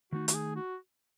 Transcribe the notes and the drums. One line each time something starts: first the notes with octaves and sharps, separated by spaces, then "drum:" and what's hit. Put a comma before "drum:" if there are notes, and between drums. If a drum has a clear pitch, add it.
D#3 A3 D#4 F#4
F#4, drum: hi-hat
G#4
F#4